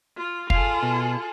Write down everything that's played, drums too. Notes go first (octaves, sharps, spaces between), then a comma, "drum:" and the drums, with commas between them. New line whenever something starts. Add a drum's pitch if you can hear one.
F4
F4 G#4 A4 F5, drum: kick
B2